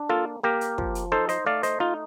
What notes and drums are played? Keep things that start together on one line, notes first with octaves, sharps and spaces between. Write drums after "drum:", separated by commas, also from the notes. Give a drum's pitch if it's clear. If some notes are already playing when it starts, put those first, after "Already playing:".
Already playing: D4
A#3 F4 A4
A#3 G4 A#4
drum: hi-hat
F3, drum: kick
drum: hi-hat
D#4 A4 C5
C5 D#5, drum: hi-hat
A3 D5 F5
C5 D#5, drum: hi-hat
D#4 F4